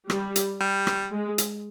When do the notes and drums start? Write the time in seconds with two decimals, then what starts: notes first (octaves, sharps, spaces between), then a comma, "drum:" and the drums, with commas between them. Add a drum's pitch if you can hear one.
0.10 G3, drum: rim click
0.36 drum: hi-hat
0.61 G3
0.87 drum: rim click
1.13 G#3
1.38 drum: hi-hat